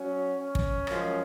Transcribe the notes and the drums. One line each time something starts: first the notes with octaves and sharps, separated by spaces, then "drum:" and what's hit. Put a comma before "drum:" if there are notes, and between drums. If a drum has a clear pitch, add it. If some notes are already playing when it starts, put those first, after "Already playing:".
Already playing: F#3 C#4
C#4
drum: kick
F#2 F3 G#3, drum: rim click